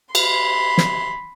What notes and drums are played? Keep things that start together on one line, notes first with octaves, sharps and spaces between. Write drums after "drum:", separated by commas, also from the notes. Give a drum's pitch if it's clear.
B5 C6, drum: cymbal
drum: snare